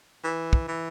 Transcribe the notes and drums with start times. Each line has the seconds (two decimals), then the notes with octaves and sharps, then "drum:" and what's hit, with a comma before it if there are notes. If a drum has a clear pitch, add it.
0.24 E3
0.53 drum: kick
0.68 E3